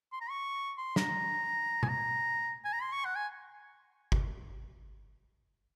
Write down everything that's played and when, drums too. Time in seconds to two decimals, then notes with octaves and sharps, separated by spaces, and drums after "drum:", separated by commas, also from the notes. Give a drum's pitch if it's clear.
0.12 C6
0.21 A#5
0.30 C#6
0.78 C6
0.96 A#5, drum: snare
1.83 G#5, drum: tom B2
1.89 A#5
2.64 G#5
2.73 A#5
2.82 C6
2.92 C#6
3.05 F#5
3.15 G#5
4.12 drum: kick G1